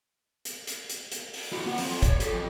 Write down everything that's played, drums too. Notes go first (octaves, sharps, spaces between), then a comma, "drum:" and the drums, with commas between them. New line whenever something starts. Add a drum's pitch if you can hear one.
drum: hi-hat
drum: hi-hat
drum: hi-hat
drum: hi-hat
drum: open hi-hat
E4 F#4
A#3 F#5
F3 C4, drum: open hi-hat
C#5 D5, drum: kick F#1, hi-hat
G4 A4, drum: hi-hat
F2